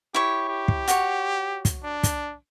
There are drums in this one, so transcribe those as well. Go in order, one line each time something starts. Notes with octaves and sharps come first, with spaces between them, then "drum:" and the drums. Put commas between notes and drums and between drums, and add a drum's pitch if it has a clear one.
E4 G4 C#5
G4
drum: kick
F#4 C#5, drum: hi-hat
drum: kick, hi-hat
D4
drum: kick, hi-hat